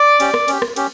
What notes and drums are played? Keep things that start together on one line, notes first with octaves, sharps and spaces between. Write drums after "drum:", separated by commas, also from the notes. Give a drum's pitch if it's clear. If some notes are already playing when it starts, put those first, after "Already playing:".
Already playing: D5 D6
C#4 G4, drum: cymbal
drum: rim click
C#4 G4, drum: cymbal
drum: rim click
C#4 G4, drum: cymbal